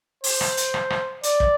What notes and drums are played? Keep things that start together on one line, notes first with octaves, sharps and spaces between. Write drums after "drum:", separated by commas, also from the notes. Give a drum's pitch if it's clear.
C5, drum: open hi-hat
drum: rim click
drum: hi-hat
drum: rim click
drum: rim click
D5, drum: hi-hat
drum: kick